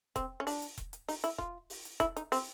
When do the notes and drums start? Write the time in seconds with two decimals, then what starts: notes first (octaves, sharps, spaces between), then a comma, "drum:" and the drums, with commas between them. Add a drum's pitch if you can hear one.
0.16 C4, drum: kick E1, hi-hat
0.40 C#4
0.47 D4, drum: open hi-hat
0.62 drum: hi-hat
0.78 drum: kick E1, hi-hat
0.93 drum: hi-hat
1.09 D#4, drum: open hi-hat
1.24 E4, drum: hi-hat
1.38 F4, drum: kick E1
1.70 drum: open hi-hat
1.85 drum: hi-hat
2.00 E4, drum: kick E1, hi-hat
2.17 D#4, drum: hi-hat
2.32 C4, drum: open hi-hat